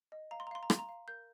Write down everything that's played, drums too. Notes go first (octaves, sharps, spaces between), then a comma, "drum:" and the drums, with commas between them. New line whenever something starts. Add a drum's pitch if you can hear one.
D#5
F5 A#5
C6
A#5
F5 C6
A#5
F5 C6, drum: rim click
A#5
F5
A#4 G6